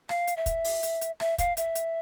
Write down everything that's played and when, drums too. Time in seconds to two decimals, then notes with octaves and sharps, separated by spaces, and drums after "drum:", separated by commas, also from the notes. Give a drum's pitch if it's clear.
0.09 F5, drum: rim click
0.27 drum: hi-hat
0.37 E5
0.46 drum: kick, hi-hat
0.64 drum: open hi-hat
0.83 drum: hi-hat
1.01 drum: hi-hat
1.20 E5, drum: rim click
1.38 F5, drum: kick, hi-hat
1.57 E5, drum: hi-hat
1.75 drum: hi-hat